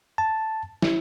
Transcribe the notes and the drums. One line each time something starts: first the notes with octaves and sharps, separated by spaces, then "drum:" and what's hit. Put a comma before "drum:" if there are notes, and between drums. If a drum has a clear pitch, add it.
A5
E4, drum: snare